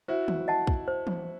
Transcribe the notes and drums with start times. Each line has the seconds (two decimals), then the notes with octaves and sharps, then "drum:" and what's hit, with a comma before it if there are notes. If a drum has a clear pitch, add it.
0.08 E4 F#4 C5
0.28 drum: tom D#3
0.48 D#5 F#5 A5
0.67 drum: kick
0.88 C5
1.07 drum: tom E3